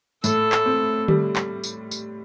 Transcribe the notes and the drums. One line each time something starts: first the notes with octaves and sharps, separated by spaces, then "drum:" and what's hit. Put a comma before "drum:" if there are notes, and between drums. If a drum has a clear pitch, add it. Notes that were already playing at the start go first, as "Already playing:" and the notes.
A2 A4, drum: tambourine
drum: clap
C4
G3, drum: tom D3
drum: clap
drum: tambourine
drum: tambourine